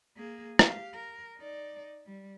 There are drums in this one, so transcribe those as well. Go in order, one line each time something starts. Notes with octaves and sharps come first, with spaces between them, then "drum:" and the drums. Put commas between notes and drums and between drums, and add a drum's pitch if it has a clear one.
A#3 G#4
G4 F5, drum: rim click
A#4
D#4 D5
G3